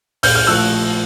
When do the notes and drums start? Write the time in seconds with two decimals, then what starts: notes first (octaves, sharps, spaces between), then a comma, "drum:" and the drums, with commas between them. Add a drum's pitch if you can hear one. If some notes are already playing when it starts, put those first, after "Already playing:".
0.23 A#1 F6 G6, drum: open hi-hat
0.35 F6 G6
0.47 A2 F3 A3 E6 F#6